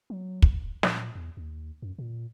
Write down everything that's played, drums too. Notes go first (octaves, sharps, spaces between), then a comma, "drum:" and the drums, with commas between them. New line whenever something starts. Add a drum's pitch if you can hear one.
F#3
D1, drum: kick
A#2, drum: snare
E2
D#2
F#2
A#2